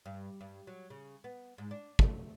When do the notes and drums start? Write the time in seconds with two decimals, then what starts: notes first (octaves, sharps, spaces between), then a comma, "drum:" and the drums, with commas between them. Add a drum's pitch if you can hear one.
0.06 G2
0.41 G2
0.67 F#3
0.90 C#3
1.24 B3
1.58 G#2
1.71 D4
1.99 A3, drum: kick